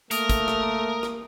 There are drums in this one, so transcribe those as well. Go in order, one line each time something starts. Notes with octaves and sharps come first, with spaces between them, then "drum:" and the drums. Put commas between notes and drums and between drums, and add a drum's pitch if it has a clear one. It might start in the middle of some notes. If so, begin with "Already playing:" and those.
A3 A#3 A#4 D#6, drum: hi-hat
drum: kick, hi-hat
drum: rim click
drum: rim click